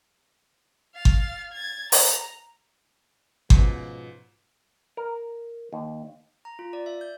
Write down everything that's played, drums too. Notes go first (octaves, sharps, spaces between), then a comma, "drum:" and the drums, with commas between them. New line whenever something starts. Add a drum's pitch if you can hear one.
F5 A6
drum: kick G1
G#6 A6
A#5, drum: open hi-hat
G#2 B2 F3 C#4, drum: kick G1
A#4
D#2
A#5
F4
D5
E5
G6